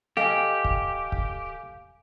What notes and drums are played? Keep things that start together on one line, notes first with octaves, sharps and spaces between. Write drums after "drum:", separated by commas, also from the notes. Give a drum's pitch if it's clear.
G4 A4 D#5 F5 G#5
drum: kick
drum: kick